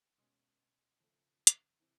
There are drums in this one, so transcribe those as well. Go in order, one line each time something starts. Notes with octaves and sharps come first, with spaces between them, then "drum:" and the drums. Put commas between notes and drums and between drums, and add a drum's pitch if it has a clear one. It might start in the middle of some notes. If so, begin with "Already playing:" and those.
B2 G#3 C#4
C#3 F3 A3
drum: hi-hat
C3 E3